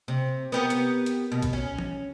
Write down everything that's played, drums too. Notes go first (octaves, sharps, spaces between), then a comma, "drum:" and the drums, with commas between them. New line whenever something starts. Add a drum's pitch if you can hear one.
C3
B3 G4 A#4
drum: hi-hat
drum: hi-hat
B2
drum: kick A#1, hi-hat
C#4
drum: tom